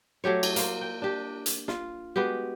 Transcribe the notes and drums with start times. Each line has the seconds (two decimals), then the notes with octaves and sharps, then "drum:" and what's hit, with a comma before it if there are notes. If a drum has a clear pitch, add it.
0.24 F#3 A3 G4 C#5
0.43 drum: cymbal
0.56 A#3 C5, drum: hi-hat
0.81 G5
1.02 D4 G4
1.46 drum: hi-hat
1.68 F4, drum: snare
2.16 G#3 B3 F#4 G4